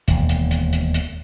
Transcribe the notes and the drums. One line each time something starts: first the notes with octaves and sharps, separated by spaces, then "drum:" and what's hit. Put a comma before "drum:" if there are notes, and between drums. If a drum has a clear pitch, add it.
E1 D#2, drum: hi-hat
drum: hi-hat
drum: hi-hat
drum: hi-hat
drum: hi-hat